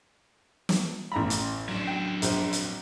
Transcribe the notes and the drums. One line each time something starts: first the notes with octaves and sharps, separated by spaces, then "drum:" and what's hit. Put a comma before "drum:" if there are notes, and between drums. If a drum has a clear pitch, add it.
drum: snare
A1 A#5 B5
drum: hi-hat
F#3 D4
G5
A#1 C5, drum: hi-hat
drum: hi-hat